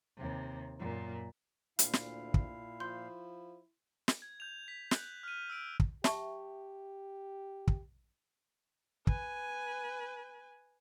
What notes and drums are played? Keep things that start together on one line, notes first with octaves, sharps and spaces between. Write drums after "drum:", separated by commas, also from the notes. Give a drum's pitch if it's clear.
D#2 C3
F#2 A#2
D2 A#2 E4 F5, drum: hi-hat
drum: snare
drum: kick
F3 C6 G6
drum: snare
G#6
G6 F7
B6
F#6 G6 F#7, drum: snare
F6 D#7
E6 D7
drum: kick
G4 E5 A5 C#6, drum: snare
drum: kick
B4 G#5, drum: kick